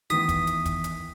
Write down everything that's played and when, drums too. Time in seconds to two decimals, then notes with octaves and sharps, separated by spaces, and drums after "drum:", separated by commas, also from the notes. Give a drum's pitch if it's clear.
0.10 D#3 E3 B3 D#6 B6, drum: hi-hat
0.29 drum: kick, hi-hat
0.47 drum: hi-hat
0.65 drum: kick, hi-hat
0.84 drum: hi-hat